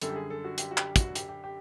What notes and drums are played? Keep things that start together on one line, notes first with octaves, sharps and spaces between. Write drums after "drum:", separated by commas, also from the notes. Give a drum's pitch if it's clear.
F#2 D3 G3 A4, drum: hi-hat
G4
G#4
A4
F#4
G4, drum: hi-hat
F#4
G4, drum: clap
F#4, drum: kick, hi-hat
G4, drum: hi-hat
G4
G4